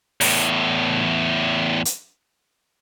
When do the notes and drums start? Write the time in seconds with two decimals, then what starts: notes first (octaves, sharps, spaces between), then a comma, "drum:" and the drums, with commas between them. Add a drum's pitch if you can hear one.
0.21 E2 A2, drum: open hi-hat
1.85 drum: hi-hat